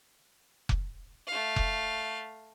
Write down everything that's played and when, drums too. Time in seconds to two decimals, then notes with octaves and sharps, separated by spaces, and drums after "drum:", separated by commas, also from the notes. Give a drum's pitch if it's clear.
0.69 drum: kick F1
1.27 A3 F5
1.56 drum: kick F1